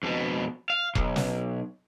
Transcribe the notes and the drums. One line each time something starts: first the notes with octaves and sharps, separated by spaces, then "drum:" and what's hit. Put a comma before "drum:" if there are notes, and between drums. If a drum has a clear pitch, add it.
F2 B2
F5
B1, drum: kick E1
drum: snare